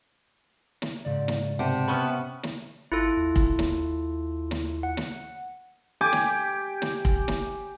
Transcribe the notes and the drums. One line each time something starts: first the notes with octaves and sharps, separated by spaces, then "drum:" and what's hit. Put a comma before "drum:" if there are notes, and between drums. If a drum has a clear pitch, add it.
drum: snare
G#2 C#3 D5
drum: snare
C3 F#5 G5 A5
B3 C#4 B4
drum: snare
G#1 E4 F4 A4
D#2
drum: kick
drum: snare
drum: snare
F#5
drum: snare
G4 G5 G#5 D6
drum: snare
drum: snare
drum: kick
drum: snare